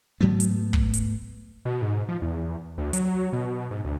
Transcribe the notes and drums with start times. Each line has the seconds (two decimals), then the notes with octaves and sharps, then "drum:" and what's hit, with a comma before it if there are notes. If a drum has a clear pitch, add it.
0.21 G#2 F#3 A3 B3
0.40 drum: hi-hat
0.73 drum: kick
0.94 drum: hi-hat
1.65 B2
1.82 G#2
2.09 F3
2.22 E2
2.78 D2
2.93 F#3, drum: hi-hat
3.33 B2
3.70 G#2
3.85 D2